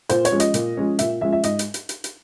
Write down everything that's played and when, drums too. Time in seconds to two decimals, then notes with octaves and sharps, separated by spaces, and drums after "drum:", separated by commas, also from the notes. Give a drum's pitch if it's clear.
0.09 A#2 C5, drum: hi-hat
0.25 C#5, drum: hi-hat
0.32 F3 G#3 C#4
0.40 D#5, drum: hi-hat
0.54 A#2, drum: hi-hat
0.77 F3 G#3 C#4
0.99 A#2 E5, drum: hi-hat
1.21 F3 G#3 C#4 E5
1.33 E5
1.43 G#2 D#5, drum: hi-hat
1.59 drum: hi-hat
1.74 drum: hi-hat
1.89 drum: hi-hat
2.04 drum: hi-hat